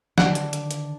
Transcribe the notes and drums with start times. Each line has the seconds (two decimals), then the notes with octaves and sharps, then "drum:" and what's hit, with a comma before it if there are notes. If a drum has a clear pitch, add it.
0.18 D3 D#3 D4 F#5, drum: snare
0.35 drum: hi-hat
0.53 drum: hi-hat
0.71 drum: hi-hat